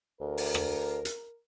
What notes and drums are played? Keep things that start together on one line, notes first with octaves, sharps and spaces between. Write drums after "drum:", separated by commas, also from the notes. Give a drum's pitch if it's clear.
D2 A#4
drum: open hi-hat
drum: rim click
drum: hi-hat